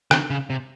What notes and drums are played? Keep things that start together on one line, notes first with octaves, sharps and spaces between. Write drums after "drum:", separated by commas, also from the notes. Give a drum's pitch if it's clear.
D#3, drum: rim click
C#3
C3